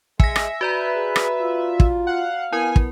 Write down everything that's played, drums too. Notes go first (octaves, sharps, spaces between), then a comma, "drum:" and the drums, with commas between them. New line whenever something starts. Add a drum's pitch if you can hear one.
G#3 E5 G#5 A#6, drum: kick
drum: rim click
F#4 B4 D5 A#5
G#4
drum: rim click
F4
drum: kick
F5 F#5
B3 E4 A#4 G#5
drum: kick